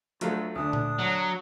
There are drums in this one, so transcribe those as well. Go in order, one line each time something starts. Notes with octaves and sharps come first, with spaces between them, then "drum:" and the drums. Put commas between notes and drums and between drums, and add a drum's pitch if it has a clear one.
D2 F#3 A3 F4, drum: hi-hat
D2 D4 D#6
drum: tom A#2
F#3